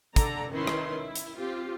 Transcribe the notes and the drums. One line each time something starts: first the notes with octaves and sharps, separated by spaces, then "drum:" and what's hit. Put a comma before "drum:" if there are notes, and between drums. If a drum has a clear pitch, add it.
D3 A4 D5 A#5, drum: kick, hi-hat
D#3 C#4 E4 B4 C6
drum: rim click
E4
drum: hi-hat
C4 F4 G4